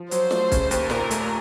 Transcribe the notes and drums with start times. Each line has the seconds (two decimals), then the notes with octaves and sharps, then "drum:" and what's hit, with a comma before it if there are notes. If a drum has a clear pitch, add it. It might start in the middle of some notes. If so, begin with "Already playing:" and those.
Already playing: F3
0.11 F#3 C5, drum: hi-hat
0.31 A3, drum: snare
0.52 C#3, drum: kick, hi-hat
0.71 D#2, drum: hi-hat
0.90 A#2 A#4, drum: snare
1.11 A3, drum: hi-hat